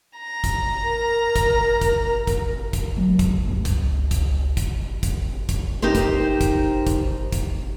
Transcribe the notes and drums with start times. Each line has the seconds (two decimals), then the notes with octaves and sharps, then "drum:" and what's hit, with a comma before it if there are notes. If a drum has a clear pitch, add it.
0.17 A#5
0.44 drum: kick, hi-hat
0.84 A#4
1.36 drum: kick, hi-hat
1.81 drum: kick, hi-hat
2.27 drum: kick, hi-hat
2.73 drum: kick, hi-hat
2.96 F#3 G#3
3.19 drum: kick, hi-hat
3.45 C#2 G2
3.65 drum: kick, hi-hat
4.11 drum: kick, hi-hat
4.57 drum: kick, hi-hat
5.03 drum: kick, hi-hat
5.49 drum: kick, hi-hat
5.82 D#4 G4 A#4 C5
5.95 drum: kick, hi-hat
6.41 drum: kick, hi-hat
6.87 drum: kick, hi-hat
7.32 drum: kick, hi-hat